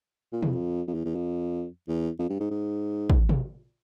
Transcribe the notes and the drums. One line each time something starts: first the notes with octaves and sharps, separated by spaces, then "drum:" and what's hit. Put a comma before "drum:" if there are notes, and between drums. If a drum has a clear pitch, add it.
A#2
E2, drum: tom
F2
F2
E2
E2
F2
E2
F2
G2
G#2
G#2
drum: kick
drum: tom